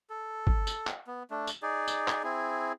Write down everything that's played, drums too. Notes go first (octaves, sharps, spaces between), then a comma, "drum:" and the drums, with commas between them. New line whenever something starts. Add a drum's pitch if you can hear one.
A4
drum: kick
drum: tambourine
drum: clap
B3
A3 D4
drum: tambourine
D#4 G#4 D5
drum: tambourine
drum: clap
C4 E4 G#4